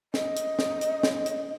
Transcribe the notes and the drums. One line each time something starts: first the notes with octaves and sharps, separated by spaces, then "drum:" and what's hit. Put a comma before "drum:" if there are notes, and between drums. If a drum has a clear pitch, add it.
D#5, drum: snare
drum: hi-hat
drum: snare
drum: hi-hat
drum: snare
drum: hi-hat